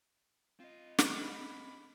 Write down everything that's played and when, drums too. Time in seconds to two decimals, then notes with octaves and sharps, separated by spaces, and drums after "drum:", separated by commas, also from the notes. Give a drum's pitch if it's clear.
0.60 C4 F4 D#5
0.98 drum: snare
1.23 B5